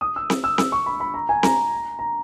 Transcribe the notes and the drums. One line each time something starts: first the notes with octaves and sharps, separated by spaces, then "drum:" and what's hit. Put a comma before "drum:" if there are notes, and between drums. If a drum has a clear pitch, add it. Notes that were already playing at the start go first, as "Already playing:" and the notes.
D#6
E6
drum: snare C4
E6
E6, drum: snare C4
C#6
B5
B5
A#5
G#5
A#5, drum: snare C4
A#5